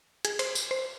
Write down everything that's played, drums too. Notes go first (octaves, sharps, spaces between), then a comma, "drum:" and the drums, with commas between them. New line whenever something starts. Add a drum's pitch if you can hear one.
G#4, drum: hi-hat
C5, drum: cymbal
drum: tambourine
C5